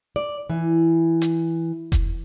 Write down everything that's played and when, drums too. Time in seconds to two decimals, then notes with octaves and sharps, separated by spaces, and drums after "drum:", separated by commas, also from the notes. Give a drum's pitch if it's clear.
0.16 D5
0.50 E3
1.21 drum: hi-hat
1.92 drum: kick F1, hi-hat